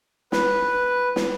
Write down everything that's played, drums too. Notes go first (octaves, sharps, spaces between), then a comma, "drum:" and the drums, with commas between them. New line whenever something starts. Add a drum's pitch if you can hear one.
B4, drum: snare
drum: snare